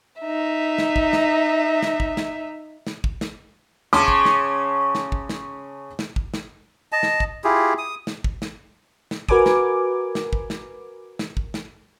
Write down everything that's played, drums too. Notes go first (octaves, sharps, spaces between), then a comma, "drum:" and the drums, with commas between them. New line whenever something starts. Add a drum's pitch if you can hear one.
D#4 E5
drum: snare
drum: kick
drum: snare
drum: snare
drum: kick
drum: snare
drum: snare
drum: kick
drum: snare
C#3 C#4 A5 C6 D6, drum: snare
drum: kick
drum: snare
drum: snare
drum: kick
drum: snare
drum: snare
drum: kick
drum: snare
D#5 A5
drum: snare
drum: kick
E4 F4 G4 G#4
D#6
drum: snare
drum: kick
drum: snare
drum: snare
F#4 A#4 B4 G#5 D6, drum: kick
drum: snare
drum: snare
drum: kick
drum: snare
drum: snare
drum: kick
drum: snare